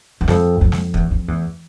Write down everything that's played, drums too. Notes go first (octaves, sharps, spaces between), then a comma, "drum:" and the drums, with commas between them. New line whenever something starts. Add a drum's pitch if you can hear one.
E2
F2, drum: snare
F2
drum: snare
E2, drum: kick
F2
E2